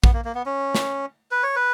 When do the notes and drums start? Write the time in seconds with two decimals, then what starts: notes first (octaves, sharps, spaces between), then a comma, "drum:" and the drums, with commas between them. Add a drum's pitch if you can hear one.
0.04 B3, drum: kick
0.14 A#3
0.25 A#3
0.35 B3
0.46 C#4
0.75 drum: snare
1.31 B4
1.43 C#5
1.56 B4